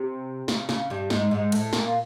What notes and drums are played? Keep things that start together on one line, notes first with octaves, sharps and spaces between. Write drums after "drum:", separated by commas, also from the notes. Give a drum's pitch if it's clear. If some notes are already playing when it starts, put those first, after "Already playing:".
Already playing: C3
C#3, drum: snare
C#3, drum: snare
G2 G3
G#2 G#3, drum: snare
G#2 G#3
A2 A3, drum: cymbal
A#2 A#3, drum: snare